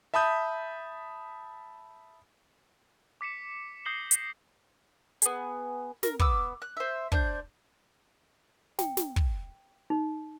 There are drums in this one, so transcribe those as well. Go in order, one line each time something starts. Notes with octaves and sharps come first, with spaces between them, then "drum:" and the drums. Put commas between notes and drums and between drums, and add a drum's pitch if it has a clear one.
E5 A5 B5 D#6 G6
D6 B6 C#7 E7
D#6 G6 A#6 C7 F#7 G7
A#6 B6, drum: hi-hat
B3 G#4, drum: hi-hat
A#4, drum: snare
B3 D6 E6, drum: kick
F#6
C5 E5
D4 C5 G6, drum: kick
G5, drum: snare
drum: snare
drum: kick
D#4